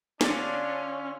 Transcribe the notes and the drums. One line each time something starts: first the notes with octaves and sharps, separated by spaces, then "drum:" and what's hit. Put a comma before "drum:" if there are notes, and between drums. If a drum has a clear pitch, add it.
D3 C#4 D4 F4 D5, drum: snare